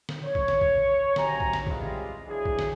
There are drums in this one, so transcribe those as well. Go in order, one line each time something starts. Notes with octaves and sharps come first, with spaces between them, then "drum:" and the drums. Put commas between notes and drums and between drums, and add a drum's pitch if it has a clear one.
drum: snare
C#5
drum: kick
drum: snare
drum: kick
C3 F#3 G#5 A#5, drum: snare
drum: kick
drum: snare
C3 E3 G3 G#3 F4 G4, drum: kick
E3 F#3 D4 G#4
drum: kick
drum: snare